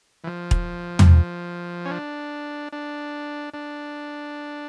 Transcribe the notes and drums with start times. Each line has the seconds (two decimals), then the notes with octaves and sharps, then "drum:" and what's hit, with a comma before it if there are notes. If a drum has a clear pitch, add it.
0.24 E3
0.27 F3
0.51 drum: kick
0.99 drum: tom
1.85 C#4
1.91 D4
2.72 D4
3.54 D4